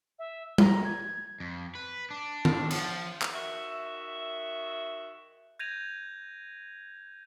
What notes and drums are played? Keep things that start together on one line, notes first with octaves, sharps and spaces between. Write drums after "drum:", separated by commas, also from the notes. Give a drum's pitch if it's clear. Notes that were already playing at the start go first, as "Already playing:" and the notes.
E5
A#5, drum: tom G3
G#6
F2
B4
D4
drum: tom D#3
F3, drum: cymbal
drum: clap
D#3 F#4 E5
G6 G#6 A#6 D#7 F7